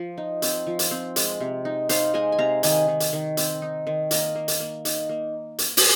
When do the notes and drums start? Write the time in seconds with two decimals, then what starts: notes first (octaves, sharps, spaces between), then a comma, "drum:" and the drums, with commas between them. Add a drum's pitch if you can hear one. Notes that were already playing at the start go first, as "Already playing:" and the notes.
Already playing: F3
0.18 D#4
0.42 C4, drum: hi-hat
0.67 F3
0.79 drum: hi-hat
0.91 C4
1.16 G#3, drum: hi-hat
1.41 C3
1.65 D#4
1.89 D#4 C5 F5, drum: hi-hat
2.14 G#3 D#5 G#5
2.32 G#5
2.38 C3 F5 A#5
2.63 D#3 D#5 G#5, drum: hi-hat
2.88 D#3
3.00 drum: hi-hat
3.13 D#3
3.37 C4, drum: hi-hat
3.62 D#4
3.87 D#3
4.11 A#3 A#4 D#5, drum: hi-hat
4.35 A#3
4.48 drum: hi-hat
4.60 A#3
4.85 D#4, drum: hi-hat
5.09 A#3
5.58 drum: hi-hat
5.77 drum: open hi-hat